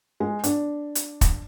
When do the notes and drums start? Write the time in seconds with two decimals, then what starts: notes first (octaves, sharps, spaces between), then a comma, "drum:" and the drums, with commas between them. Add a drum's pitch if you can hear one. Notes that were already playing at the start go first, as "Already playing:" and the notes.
0.20 G#3
0.44 D4, drum: hi-hat
0.95 drum: hi-hat
1.21 drum: kick, hi-hat